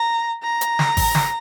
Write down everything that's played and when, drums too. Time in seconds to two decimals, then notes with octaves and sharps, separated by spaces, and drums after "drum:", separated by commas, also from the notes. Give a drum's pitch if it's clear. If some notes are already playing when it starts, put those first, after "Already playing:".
Already playing: A#5
0.43 A#5
0.61 drum: hi-hat
0.79 drum: snare
0.97 drum: kick G#1, open hi-hat
1.15 drum: snare